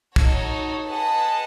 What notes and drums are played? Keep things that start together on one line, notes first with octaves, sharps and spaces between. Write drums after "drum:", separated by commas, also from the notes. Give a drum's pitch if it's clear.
D#4 F#4 A4 C#5, drum: kick
G#4 B4 D#5 F#5 A5